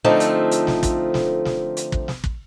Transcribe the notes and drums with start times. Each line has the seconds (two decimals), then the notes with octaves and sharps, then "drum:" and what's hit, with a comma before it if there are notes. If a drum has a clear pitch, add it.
0.04 D3 F3 A3 C4 D#4
0.20 drum: hi-hat
0.51 drum: hi-hat
0.67 drum: snare
0.83 drum: kick, hi-hat
1.14 drum: snare
1.45 drum: snare
1.77 drum: hi-hat
1.92 drum: kick
2.08 drum: snare
2.24 drum: kick